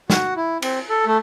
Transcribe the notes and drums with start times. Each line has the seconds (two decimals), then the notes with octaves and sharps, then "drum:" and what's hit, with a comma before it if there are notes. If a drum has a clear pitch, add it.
0.10 F#4, drum: snare
0.36 E4
0.62 C4, drum: cymbal
0.90 A4
1.06 A3